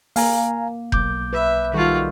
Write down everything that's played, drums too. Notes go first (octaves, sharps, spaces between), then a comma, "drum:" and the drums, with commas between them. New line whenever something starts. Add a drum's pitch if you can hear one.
A#3 F5 G#5 A#5, drum: open hi-hat
B1 D6 G6, drum: kick F1
B4 E5
D#3 G3 F4 F#4 A4